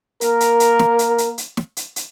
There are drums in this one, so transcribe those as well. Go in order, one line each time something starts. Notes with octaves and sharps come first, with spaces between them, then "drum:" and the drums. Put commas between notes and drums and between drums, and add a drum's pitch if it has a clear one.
A#3 A#4, drum: hi-hat
drum: hi-hat
drum: hi-hat
drum: snare
drum: hi-hat
drum: hi-hat
drum: hi-hat
drum: snare
drum: hi-hat
drum: hi-hat